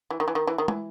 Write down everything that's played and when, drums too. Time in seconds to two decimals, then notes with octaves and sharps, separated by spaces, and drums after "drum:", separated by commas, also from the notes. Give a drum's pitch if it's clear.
0.10 E3
0.20 D#3
0.28 E3
0.35 D#3
0.47 E3
0.58 D#3
0.68 E3, drum: tom